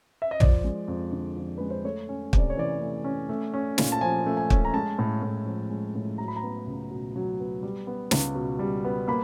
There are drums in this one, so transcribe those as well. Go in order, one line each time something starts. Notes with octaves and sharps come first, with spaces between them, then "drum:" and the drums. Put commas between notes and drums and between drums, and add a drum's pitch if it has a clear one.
E5
D#5
F3 D5, drum: tom
G#3
F2
D3
F3
G#3 B4
C5
A3 C#5
C#4
C3, drum: kick
D5
C#5
E3 D5
A3
C#4
A3
C#4
A#2, drum: snare
A5
F3 G#5
A3
G#5
C#4, drum: kick
A#5
G#3 A5
A2
A2
F3
G#3
A2
F#3 A#5
B5
A#5
B3
C#2
B2
F#3
B3
G3
B3
C#2, drum: snare
B2
G3
B3
A#3 B5